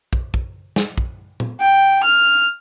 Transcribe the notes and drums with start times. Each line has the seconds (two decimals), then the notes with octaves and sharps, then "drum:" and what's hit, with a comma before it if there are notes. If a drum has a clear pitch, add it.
0.13 drum: kick
0.34 drum: kick
0.76 drum: snare
0.98 drum: kick
1.40 drum: tom A#2
1.61 G5
2.04 F6